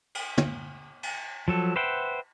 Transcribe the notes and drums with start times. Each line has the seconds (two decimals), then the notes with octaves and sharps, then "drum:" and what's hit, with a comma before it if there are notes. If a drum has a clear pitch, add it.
0.15 drum: cymbal
0.38 drum: tom
1.03 drum: cymbal
1.48 F3 F#3 A4
1.76 B4 C5 E5 F#5 G5